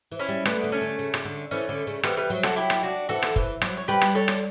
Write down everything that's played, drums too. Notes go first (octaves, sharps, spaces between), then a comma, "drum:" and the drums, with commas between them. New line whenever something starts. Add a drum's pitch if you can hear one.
E3
C#4 E4
G3
A3 B3 D4, drum: rim click
D3
A3 C#4
D3
C#3
C#3, drum: rim click
D3
E3 A3 C#4
D3
C#3
E3 G3 B3, drum: rim click
G3 B3
F#3
F#4 A4, drum: rim click
E4 G4
drum: rim click
D4 F#4
E3 F#4 A4
drum: rim click
E3, drum: kick
F#3, drum: rim click
C#5
G3 G4 B4
drum: rim click
A4 C#5
drum: rim click